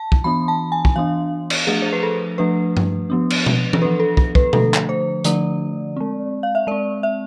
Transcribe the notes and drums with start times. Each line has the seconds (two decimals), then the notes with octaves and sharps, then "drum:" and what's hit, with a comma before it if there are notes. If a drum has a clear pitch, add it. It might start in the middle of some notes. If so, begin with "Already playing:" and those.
Already playing: A5
0.12 drum: kick
0.24 E3 B3 D4 B5
0.48 A5
0.72 G#5
0.85 G#5, drum: kick
0.96 E3 B3 D4 F5
1.50 drum: cymbal
1.67 F3 A3 D4 G#4
1.82 C5
1.93 B4
2.03 A4
2.38 F3 A3 D4 B4
2.77 drum: tom G2
3.10 F3 B3 D4
3.30 drum: cymbal
3.46 drum: tom B2
3.73 A4, drum: tom E3
3.81 F3 B3 D4 B4
4.00 A4
4.17 A4, drum: kick
4.35 B4, drum: kick
4.53 D3 F3 A3 D4 A4, drum: tom B2
4.74 drum: clap
4.89 C5
5.24 D3 F3 A3 D4 D5, drum: hi-hat
5.96 G#3 C4
6.43 F5
6.55 E5
6.67 G#3 C4 D5
7.03 E5